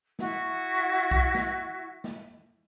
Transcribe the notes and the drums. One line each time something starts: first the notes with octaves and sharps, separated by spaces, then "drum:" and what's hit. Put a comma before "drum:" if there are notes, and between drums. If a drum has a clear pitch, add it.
E4 F#4, drum: snare
drum: kick B1
drum: snare
drum: snare